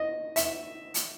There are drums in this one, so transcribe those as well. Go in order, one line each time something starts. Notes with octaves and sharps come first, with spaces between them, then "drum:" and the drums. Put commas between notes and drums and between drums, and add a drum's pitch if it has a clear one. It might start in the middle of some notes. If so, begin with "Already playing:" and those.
Already playing: D#5
E5, drum: hi-hat
drum: hi-hat